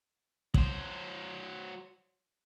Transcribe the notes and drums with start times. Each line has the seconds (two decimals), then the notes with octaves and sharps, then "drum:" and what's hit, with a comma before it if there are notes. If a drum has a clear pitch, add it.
0.54 F#3 C5, drum: kick